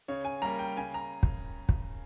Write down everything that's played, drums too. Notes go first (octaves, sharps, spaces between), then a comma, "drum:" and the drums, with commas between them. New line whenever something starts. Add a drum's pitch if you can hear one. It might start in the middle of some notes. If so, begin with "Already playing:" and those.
C#3 C#5
G#5
G3 A#3 A#5
G5
C#3 G#5
A#5
drum: kick
drum: kick